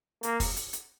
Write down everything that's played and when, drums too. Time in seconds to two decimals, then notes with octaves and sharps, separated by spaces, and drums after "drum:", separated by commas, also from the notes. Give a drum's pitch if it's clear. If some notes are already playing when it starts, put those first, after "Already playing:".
0.23 A#3, drum: hi-hat
0.40 drum: kick, open hi-hat
0.56 drum: hi-hat
0.73 drum: hi-hat